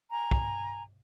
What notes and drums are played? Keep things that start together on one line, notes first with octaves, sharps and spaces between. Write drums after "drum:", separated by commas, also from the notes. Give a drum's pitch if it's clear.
G#5 A#5
drum: kick